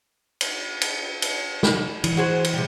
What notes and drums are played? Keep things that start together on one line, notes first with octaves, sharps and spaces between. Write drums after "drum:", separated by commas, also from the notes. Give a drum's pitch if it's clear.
drum: cymbal
drum: cymbal
drum: cymbal
drum: snare
E3, drum: cymbal
F#4 G#4 C5
drum: cymbal
C3 G3